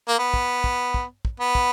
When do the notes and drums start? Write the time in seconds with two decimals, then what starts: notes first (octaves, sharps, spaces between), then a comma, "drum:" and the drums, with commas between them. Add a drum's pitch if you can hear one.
0.08 A#3
0.19 B3
0.34 drum: kick
0.64 drum: kick
0.94 drum: kick
1.25 drum: kick
1.40 B3
1.55 drum: kick